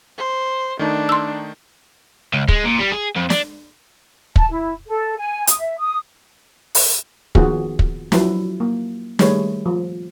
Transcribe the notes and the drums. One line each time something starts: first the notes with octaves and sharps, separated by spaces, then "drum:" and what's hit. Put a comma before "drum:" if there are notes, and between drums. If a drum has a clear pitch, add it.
C5
D#3 A3 D4 D#4
C6 E6
C#2
G#3, drum: kick
A#2
G3
G#4
F2
D4, drum: snare
A5, drum: kick
E4
A4
G#5
D#6, drum: hi-hat
E5
D#6
drum: open hi-hat
D#3 F3 B3 F4 F#4 G#4, drum: kick
drum: kick
F3 F#3 E4 B4, drum: snare
A#3
D#3 G3 A3 G#4 B4 C#5, drum: snare
F3